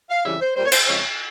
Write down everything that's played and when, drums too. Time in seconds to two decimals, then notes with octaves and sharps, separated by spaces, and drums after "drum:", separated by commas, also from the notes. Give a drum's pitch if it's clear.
0.10 F5
0.24 F2 C#3 E3 G3 E5
0.41 C5
0.56 A#2 G3 A#3 C5
0.66 C#5
0.72 C5, drum: cymbal
0.88 F2 C#3 F3 G#3 C#5